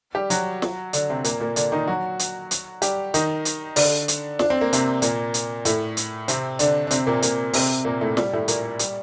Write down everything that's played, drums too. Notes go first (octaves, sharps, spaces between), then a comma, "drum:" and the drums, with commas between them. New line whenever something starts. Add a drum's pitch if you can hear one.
G3 G4
F#3 F#4, drum: hi-hat
drum: snare
D3 D4, drum: hi-hat
C3 C4
A#2 A#3, drum: hi-hat
A#2 A#3
D3 D4, drum: hi-hat
D#3 D#4
F#3 F#4
drum: hi-hat
drum: hi-hat
G3 G4, drum: hi-hat
D#3 D#4, drum: hi-hat
drum: hi-hat
D3 D4, drum: open hi-hat
drum: hi-hat
D4, drum: snare
C4
A#3
C3 C4, drum: hi-hat
A#2 A#3, drum: hi-hat
drum: hi-hat
A2 A3, drum: hi-hat
drum: hi-hat
C3 C4, drum: hi-hat
D3 D4, drum: hi-hat
D4
C3 C4, drum: hi-hat
A#2 A#3
A#2 A#3, drum: hi-hat
C3 C4, drum: open hi-hat
A#2 A#3
A2 A3
G3, drum: snare
A2 A3
A#2 A#3, drum: hi-hat
G3, drum: hi-hat